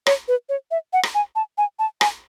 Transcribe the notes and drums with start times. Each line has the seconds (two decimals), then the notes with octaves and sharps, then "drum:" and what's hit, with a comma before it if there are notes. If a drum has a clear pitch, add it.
0.06 C#5, drum: rim click
0.28 B4
0.49 C#5
0.71 E5
0.93 F#5
1.03 drum: rim click
1.15 G#5
1.35 A5
1.58 G#5
1.79 A5
2.01 G#5, drum: rim click